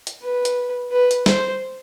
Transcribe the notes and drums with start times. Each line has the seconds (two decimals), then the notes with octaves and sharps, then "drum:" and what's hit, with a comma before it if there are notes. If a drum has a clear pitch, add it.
0.07 drum: hi-hat
0.23 B4
0.45 drum: hi-hat
0.92 B4
1.11 drum: hi-hat
1.26 C5, drum: snare